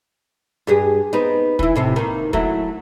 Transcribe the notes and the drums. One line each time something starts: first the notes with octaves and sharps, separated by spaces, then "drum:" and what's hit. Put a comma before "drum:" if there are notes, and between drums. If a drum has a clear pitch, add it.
G2 G4 G#4
B3 C4 D#4
E3 E4, drum: kick
A2 C3 C4
D#3 A#3
F#3 A3 E4, drum: kick